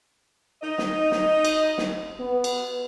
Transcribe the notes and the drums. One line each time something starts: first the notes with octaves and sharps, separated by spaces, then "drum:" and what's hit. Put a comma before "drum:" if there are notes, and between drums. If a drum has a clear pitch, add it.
D#4 D#5
drum: snare
drum: snare
drum: cymbal
drum: snare
B3
drum: cymbal